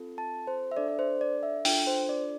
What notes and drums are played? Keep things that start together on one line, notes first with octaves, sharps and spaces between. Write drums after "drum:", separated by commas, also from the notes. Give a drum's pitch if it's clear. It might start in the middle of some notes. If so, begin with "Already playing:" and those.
Already playing: C4 F4 A4
A5
C5
E5
D4 A4 D5
D5
C5
D5
E5
D4 F4 A4 G5, drum: open hi-hat
C5
D5